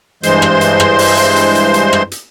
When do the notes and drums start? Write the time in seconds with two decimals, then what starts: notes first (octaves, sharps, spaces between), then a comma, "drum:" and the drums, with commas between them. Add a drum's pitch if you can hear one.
0.23 G2 E3 G#3 C5 C6, drum: hi-hat
0.42 drum: rim click
0.61 drum: hi-hat
0.80 drum: rim click
0.99 drum: open hi-hat
1.17 drum: hi-hat
1.36 drum: hi-hat
1.55 drum: hi-hat
1.74 drum: hi-hat
1.93 drum: rim click
2.11 drum: hi-hat